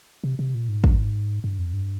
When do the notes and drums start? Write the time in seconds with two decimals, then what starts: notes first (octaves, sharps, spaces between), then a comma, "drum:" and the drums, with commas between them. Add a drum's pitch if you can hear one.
0.24 C3
0.39 C3
0.55 A#2
0.69 G#2
0.84 G2, drum: kick
0.99 G#2
1.44 G2
1.59 F2
1.73 G2